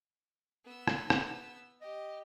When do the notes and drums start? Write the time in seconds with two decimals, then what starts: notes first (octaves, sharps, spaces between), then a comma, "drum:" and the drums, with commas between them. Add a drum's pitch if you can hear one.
0.65 B3 E6
0.88 drum: rim click
1.10 drum: rim click
1.82 G4 D#5